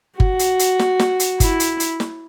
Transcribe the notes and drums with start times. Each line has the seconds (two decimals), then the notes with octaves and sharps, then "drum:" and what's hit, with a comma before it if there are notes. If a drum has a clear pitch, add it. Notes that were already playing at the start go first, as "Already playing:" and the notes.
0.20 F#4, drum: kick G1
0.39 drum: hi-hat
0.59 drum: hi-hat
0.79 drum: snare
0.99 drum: snare
1.20 drum: hi-hat
1.40 E4, drum: kick G1, hi-hat
1.60 drum: hi-hat
1.80 drum: hi-hat
2.00 drum: snare